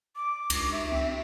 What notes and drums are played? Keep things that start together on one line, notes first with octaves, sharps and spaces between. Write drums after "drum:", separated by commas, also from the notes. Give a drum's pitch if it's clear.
D6
C#2, drum: cymbal
E5
C4